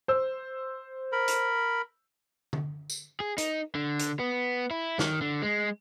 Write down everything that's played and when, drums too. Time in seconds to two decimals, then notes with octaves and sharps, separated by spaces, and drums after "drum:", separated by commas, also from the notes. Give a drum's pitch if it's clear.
0.08 C5 E6
1.12 A#4 B5
1.28 drum: hi-hat
2.53 drum: tom D3
2.90 drum: tambourine
3.20 G#4
3.38 D#4, drum: hi-hat
3.75 D3
3.99 drum: hi-hat
4.19 B3
4.71 E4
4.99 D#3, drum: snare
5.21 D3
5.42 G#3